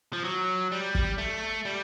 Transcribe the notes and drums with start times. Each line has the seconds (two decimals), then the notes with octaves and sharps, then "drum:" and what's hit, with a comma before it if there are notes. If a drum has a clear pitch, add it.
0.13 F3
0.24 F#3
0.72 G3
0.95 drum: kick
1.18 A3
1.65 G3